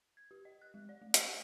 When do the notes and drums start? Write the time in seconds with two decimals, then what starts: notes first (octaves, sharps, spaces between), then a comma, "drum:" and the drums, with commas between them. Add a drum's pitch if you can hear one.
0.17 G#6
0.31 G4
0.45 D#5
0.62 F#6
0.74 G#3
0.89 D5
1.02 A3
1.14 C#6, drum: hi-hat
1.27 E6